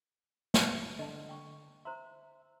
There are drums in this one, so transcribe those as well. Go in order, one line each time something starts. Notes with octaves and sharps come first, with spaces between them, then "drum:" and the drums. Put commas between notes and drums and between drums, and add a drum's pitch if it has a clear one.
drum: snare
D3 D#5 A5
G5 C#6
C5 E5 A#5 C6